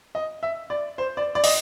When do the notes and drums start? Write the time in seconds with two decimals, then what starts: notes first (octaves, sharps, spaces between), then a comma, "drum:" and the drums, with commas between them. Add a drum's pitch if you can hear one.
0.15 D#5
0.43 E5
0.70 D5
0.98 C5
1.17 D5
1.35 D5
1.44 D#5, drum: open hi-hat